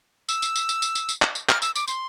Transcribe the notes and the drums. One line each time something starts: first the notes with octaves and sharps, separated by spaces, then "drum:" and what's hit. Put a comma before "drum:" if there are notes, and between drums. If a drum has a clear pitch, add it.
E6, drum: tambourine
drum: tambourine
drum: tambourine
drum: tambourine
drum: tambourine
drum: tambourine
drum: tambourine
drum: clap
drum: tambourine
F6, drum: clap
E6, drum: tambourine
D6, drum: tambourine
C6, drum: tambourine